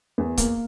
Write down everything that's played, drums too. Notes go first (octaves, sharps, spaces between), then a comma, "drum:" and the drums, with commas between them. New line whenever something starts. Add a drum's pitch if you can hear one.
E2
A#3, drum: kick C#1, hi-hat